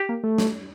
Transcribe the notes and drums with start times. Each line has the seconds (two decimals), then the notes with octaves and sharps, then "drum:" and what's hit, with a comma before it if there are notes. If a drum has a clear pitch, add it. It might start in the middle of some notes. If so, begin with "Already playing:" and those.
Already playing: G4
0.09 A#3
0.23 A3
0.38 drum: snare